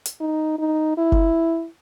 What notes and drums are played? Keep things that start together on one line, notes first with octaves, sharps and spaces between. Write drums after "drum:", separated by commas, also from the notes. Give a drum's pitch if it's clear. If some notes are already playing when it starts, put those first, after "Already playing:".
drum: hi-hat
D#4
D#4
E4
drum: kick F#1